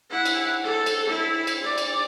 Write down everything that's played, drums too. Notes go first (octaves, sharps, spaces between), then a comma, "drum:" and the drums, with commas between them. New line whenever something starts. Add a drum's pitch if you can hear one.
E4 F#5
drum: cymbal
A4
drum: cymbal
E4
drum: cymbal
D5
drum: cymbal